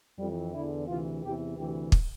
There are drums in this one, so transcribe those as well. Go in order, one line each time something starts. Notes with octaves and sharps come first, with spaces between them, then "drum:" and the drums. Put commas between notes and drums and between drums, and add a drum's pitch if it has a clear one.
F2 E3 G3
E2 D3 E4
D2 C3 E3 F4
E2 C3 E3 G4
D2 C3 E3 G4
drum: kick